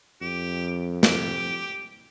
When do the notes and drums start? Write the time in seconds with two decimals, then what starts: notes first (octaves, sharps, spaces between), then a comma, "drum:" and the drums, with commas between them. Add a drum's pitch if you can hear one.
0.21 F2 G4
1.03 G4, drum: snare